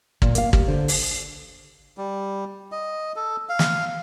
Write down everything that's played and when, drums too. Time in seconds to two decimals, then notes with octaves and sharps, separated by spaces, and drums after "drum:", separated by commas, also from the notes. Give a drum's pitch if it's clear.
0.22 A#2, drum: kick
0.35 A#3 F5, drum: hi-hat
0.53 G4, drum: kick
0.68 D3 C5
0.88 drum: open hi-hat
1.98 G3
2.72 D#5
3.16 A4
3.49 F5
3.59 drum: snare